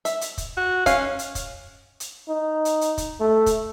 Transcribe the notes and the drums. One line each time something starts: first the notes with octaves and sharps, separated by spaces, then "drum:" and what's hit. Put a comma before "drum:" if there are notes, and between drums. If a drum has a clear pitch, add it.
E5, drum: hi-hat
drum: hi-hat
drum: kick, hi-hat
F#4
C#4 F5, drum: kick, hi-hat
drum: hi-hat
drum: kick, hi-hat
drum: hi-hat
D#4
drum: hi-hat
drum: hi-hat
drum: kick, hi-hat
A3
drum: kick, hi-hat